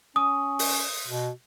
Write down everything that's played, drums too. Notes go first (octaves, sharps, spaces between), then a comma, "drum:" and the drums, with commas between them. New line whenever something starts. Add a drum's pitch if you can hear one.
C#4 D#6
drum: open hi-hat
B2